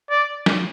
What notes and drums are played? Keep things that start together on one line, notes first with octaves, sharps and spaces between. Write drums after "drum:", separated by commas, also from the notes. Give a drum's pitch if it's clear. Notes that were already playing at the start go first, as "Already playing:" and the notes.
D5
drum: snare